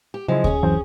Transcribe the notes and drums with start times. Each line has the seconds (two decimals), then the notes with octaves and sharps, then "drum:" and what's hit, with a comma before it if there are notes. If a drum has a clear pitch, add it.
0.14 G4
0.28 C#3 F3 F#3 G#3 E4
0.44 C#4 G#4 C#5, drum: kick D2
0.63 F#2 E3 C4